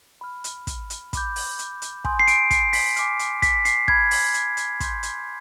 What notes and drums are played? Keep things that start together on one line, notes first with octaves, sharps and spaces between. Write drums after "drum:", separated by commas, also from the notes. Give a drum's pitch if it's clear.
B5 F6
drum: hi-hat
drum: kick, hi-hat
drum: hi-hat
B5 D6 G6, drum: kick, hi-hat
drum: open hi-hat
drum: hi-hat
drum: hi-hat
G#5 C6 D#6 G6, drum: kick
C7
D7, drum: hi-hat
C7, drum: kick, hi-hat
B6, drum: open hi-hat
G#5 D6 F6, drum: hi-hat
drum: hi-hat
B6, drum: kick, hi-hat
C7, drum: hi-hat
B5 F6 G#6, drum: kick
drum: open hi-hat
drum: hi-hat
drum: hi-hat
C6 G6, drum: kick, hi-hat
drum: hi-hat